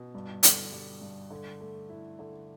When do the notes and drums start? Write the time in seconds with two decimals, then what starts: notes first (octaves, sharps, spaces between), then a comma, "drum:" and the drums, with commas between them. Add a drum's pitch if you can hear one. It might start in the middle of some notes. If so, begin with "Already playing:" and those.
Already playing: B2
0.14 G2
0.43 D3, drum: hi-hat
0.72 G3
1.01 G2
1.31 D3
1.60 A3
1.89 E4
2.19 D3